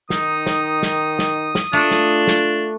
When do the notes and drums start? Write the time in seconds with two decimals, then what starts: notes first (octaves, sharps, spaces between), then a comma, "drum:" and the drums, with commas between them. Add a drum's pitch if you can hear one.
0.10 D#3 D#4 D#6, drum: snare
0.46 drum: snare
0.83 drum: snare
1.19 drum: snare
1.55 drum: snare
1.73 A3 D4 F4
1.91 drum: snare
2.27 drum: snare